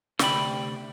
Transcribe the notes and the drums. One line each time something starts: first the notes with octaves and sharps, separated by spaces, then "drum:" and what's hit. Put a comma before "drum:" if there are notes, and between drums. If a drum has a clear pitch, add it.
D2 C3 D5 G5 B5, drum: snare